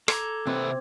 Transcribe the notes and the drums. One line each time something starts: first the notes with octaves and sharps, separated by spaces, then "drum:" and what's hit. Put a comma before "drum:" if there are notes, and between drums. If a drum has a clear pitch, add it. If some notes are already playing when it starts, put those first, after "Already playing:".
A4 A#5 D6 G#6, drum: rim click
C3 C4 B4